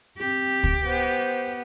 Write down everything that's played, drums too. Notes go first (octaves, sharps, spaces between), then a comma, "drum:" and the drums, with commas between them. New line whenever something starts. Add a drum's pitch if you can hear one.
C4 G4
drum: kick
B3 C5